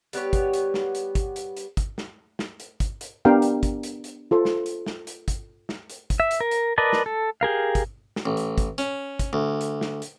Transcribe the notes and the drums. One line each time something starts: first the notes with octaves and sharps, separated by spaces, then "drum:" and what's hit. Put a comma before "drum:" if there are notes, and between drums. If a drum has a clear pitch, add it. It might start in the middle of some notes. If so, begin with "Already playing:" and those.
G3 B3 G4 C#5, drum: hi-hat
drum: kick, hi-hat
drum: hi-hat
drum: snare
drum: hi-hat
drum: kick, hi-hat
drum: hi-hat
drum: hi-hat
drum: kick, hi-hat
drum: snare
drum: snare
drum: hi-hat
drum: kick, hi-hat
drum: hi-hat
B3 D4 G4 A#4 F5 G5
drum: hi-hat
drum: kick, hi-hat
drum: hi-hat
drum: hi-hat
F4 A4 C5
drum: snare
drum: hi-hat
drum: snare
drum: hi-hat
drum: kick, hi-hat
drum: snare
drum: hi-hat
drum: kick, hi-hat
E5
drum: hi-hat
A#4
drum: hi-hat
A#4 B4 D5 D#5 A5
drum: snare
A4
G4 G#4 A#4 F5
drum: kick, hi-hat
drum: snare
A1
drum: hi-hat
drum: kick, hi-hat
C#4, drum: hi-hat
drum: kick, hi-hat
D2
drum: hi-hat
drum: snare
drum: hi-hat